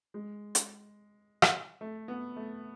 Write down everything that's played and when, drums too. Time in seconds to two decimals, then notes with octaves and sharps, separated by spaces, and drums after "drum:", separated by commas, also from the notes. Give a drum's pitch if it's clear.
0.14 G#3
0.55 drum: hi-hat
1.42 drum: rim click
1.81 A3
2.08 B3
2.36 A3